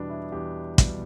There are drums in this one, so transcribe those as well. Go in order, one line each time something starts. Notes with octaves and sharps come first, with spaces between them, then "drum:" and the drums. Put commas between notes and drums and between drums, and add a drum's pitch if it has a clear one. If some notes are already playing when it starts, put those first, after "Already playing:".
Already playing: E2 B2 G3 B3 D4
E4
E2 G4
B2 G3, drum: kick, hi-hat